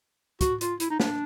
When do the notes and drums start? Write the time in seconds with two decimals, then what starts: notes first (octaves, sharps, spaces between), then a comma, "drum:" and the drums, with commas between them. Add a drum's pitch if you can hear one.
0.41 F#4, drum: kick, hi-hat
0.61 F4, drum: hi-hat
0.80 E4, drum: hi-hat
0.90 D#4
1.00 D4, drum: snare